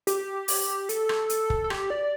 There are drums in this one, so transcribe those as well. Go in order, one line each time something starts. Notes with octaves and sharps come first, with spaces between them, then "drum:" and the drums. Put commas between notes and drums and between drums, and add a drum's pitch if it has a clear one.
G4, drum: hi-hat
drum: open hi-hat
A4, drum: hi-hat
drum: rim click
drum: hi-hat
drum: kick
A4
G4, drum: rim click
D5